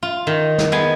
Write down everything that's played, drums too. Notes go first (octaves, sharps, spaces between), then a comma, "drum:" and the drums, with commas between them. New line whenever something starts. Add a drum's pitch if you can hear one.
F4
D#3
drum: snare
G#3 B3 G#5